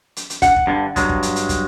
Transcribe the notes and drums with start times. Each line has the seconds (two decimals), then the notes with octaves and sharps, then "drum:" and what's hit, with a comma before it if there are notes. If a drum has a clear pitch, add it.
0.16 drum: hi-hat
0.30 drum: hi-hat
0.42 F#5, drum: kick, hi-hat
0.56 drum: kick
0.67 G2 D3
0.96 G2 F#3 G#3, drum: kick, hi-hat
1.09 drum: kick
1.23 drum: hi-hat
1.36 drum: hi-hat
1.49 drum: kick, hi-hat